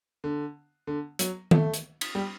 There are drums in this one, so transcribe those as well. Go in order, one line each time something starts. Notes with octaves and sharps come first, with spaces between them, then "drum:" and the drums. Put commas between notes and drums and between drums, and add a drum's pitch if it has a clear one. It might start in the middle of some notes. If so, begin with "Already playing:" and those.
D3
D3
F#3, drum: hi-hat
A3, drum: tom D#3
drum: hi-hat
drum: cymbal
G3